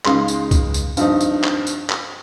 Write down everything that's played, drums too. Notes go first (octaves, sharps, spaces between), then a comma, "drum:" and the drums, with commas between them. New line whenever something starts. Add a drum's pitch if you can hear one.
C#2 C#3 G#3 D#4 C6, drum: clap
drum: tambourine
drum: kick C2, tambourine
drum: tambourine
G2 F3 C4 D#4, drum: tambourine
drum: tambourine
drum: clap
drum: tambourine
drum: clap